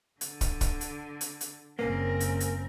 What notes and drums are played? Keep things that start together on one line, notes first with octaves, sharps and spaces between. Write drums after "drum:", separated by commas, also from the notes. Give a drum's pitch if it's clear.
D3, drum: hi-hat
drum: kick, hi-hat
drum: kick, hi-hat
drum: hi-hat
drum: hi-hat
drum: hi-hat
F#1 A#3 C4 C#4 A#4
drum: hi-hat
drum: hi-hat